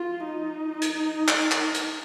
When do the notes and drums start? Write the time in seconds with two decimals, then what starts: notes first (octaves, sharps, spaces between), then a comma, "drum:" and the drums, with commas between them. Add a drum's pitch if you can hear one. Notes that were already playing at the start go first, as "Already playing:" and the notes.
Already playing: F4
0.24 D#4
0.82 drum: hi-hat
1.28 drum: clap
1.51 drum: clap
1.75 drum: hi-hat